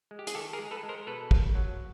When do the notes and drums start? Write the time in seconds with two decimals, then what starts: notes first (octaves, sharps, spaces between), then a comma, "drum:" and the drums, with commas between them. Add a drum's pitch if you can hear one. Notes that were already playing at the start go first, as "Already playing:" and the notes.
0.11 G#3
0.19 G4
0.27 G#4, drum: hi-hat
0.35 D#3 G4 A4
0.53 G#4 A#4
0.59 G#3
0.71 A4 B4
0.83 G#3
0.89 A#4 C5
1.07 B2 A4 B4
1.31 A#3, drum: kick
1.55 F#3